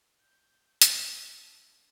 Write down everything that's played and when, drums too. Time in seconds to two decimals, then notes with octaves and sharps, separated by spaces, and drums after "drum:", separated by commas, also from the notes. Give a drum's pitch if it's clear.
0.19 G6
0.82 drum: hi-hat
0.98 D4 E5 A5